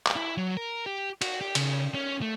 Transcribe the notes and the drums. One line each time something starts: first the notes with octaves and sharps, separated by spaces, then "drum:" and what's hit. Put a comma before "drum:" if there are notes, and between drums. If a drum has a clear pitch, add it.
drum: clap
E4
F#3
A#4
G4
F#4, drum: cymbal
G4
C#3, drum: cymbal
C#4
A3